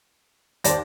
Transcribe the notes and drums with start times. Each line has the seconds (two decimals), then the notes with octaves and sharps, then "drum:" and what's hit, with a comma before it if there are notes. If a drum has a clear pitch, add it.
0.64 D#2 C5 D5 A5 A#6, drum: hi-hat